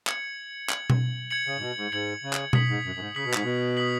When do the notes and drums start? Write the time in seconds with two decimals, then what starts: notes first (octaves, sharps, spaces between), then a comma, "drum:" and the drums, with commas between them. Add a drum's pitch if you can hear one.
0.07 G#6 C#7 F#7, drum: clap
0.70 G#6 C#7 F#7, drum: clap
0.90 drum: tom B2
1.30 G#6 C#7 F#7
1.46 C#3
1.57 G#2
1.61 B2
1.77 G#2
1.92 G#2 G#6 C#7 F#7
2.23 C#3
2.33 drum: clap
2.53 D#6 B6 F#7, drum: tom B2
2.69 G#2
2.84 F#2
2.95 F#2
3.00 G#2
3.15 C#3 D#6 B6 F#7
3.24 B2
3.34 G#2, drum: clap
3.44 B2
3.77 D#6 B6 F#7